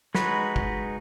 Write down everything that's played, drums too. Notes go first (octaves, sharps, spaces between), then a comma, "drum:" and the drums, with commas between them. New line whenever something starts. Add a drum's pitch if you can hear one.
G#3 D#4 F#4 B4, drum: snare
drum: kick